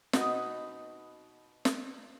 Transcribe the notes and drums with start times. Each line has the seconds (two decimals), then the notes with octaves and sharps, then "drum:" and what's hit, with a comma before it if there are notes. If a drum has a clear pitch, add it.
0.13 B2 D#4 F#4 A#4 B4 D#5, drum: snare
1.65 drum: snare